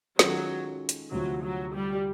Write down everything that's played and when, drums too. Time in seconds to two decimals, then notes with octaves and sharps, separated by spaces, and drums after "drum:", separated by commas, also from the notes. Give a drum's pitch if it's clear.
0.19 D#3 F#3 G#3 C#4 F4 A4, drum: snare
0.89 drum: hi-hat
1.12 D2 C3 F3 F#3
1.44 F#3
1.75 G3